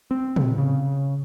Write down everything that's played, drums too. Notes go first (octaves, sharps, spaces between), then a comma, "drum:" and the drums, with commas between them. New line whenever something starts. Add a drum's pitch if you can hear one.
C4
drum: tom
C#3